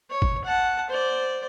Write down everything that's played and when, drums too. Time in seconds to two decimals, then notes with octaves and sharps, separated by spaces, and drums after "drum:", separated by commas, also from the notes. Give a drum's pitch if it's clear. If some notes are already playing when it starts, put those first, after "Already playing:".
0.10 C#5
0.22 drum: kick
0.45 F#5 A5
0.90 C5 D5